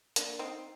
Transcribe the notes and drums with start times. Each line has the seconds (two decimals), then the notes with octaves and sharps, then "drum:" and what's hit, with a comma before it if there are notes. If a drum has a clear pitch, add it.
0.16 A#3 D4, drum: hi-hat
0.39 C4 D#4